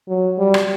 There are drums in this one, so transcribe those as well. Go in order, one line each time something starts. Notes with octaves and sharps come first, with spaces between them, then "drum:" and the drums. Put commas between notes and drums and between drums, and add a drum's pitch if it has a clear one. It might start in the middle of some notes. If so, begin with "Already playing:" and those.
F#3
G3
drum: rim click